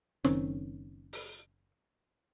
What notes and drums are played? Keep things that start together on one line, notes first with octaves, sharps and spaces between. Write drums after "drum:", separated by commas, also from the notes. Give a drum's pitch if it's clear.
F#1 D#3 C4 C#4, drum: snare
drum: open hi-hat